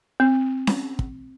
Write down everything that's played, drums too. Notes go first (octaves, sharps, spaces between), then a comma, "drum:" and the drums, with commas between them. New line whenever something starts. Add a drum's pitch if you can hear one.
C4
drum: snare C#4
drum: kick